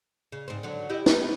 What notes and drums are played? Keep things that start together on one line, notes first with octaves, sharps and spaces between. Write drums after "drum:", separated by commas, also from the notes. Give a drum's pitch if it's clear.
C#3
G#2 C4
D3 F#3
E4 G4 D#5
B3 D#4, drum: snare